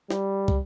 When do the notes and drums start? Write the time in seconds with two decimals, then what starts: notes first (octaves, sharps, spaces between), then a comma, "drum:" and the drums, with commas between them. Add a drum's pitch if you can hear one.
0.11 G3, drum: snare
0.48 drum: kick